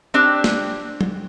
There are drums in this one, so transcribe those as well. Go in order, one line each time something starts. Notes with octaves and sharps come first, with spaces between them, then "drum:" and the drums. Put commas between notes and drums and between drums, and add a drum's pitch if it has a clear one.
C4 D4 G4
drum: snare
drum: tom